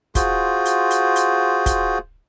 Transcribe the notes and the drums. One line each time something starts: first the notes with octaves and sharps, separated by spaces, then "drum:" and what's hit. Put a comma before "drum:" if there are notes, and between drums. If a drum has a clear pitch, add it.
F4 F#4 G#4 C5, drum: kick, hi-hat
drum: hi-hat
drum: hi-hat
drum: hi-hat
drum: kick, hi-hat